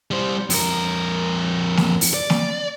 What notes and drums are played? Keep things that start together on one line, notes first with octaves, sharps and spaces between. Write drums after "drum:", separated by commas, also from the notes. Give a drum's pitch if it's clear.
G3 C5
F2 A#4, drum: open hi-hat
drum: snare
drum: open hi-hat
D5
drum: snare